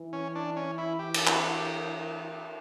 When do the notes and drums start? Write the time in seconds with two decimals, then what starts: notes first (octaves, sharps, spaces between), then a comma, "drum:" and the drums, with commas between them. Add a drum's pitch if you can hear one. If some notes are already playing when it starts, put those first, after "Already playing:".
Already playing: E3
0.13 C#4
0.35 D4
0.56 C#4
0.78 E4
0.99 G4
1.14 drum: cymbal
1.27 F#4, drum: clap
1.47 A4
1.57 G4